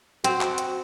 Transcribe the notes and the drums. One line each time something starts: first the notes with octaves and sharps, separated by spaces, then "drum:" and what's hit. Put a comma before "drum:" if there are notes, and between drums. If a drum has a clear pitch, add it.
C4 F#4, drum: hi-hat
drum: clap
drum: hi-hat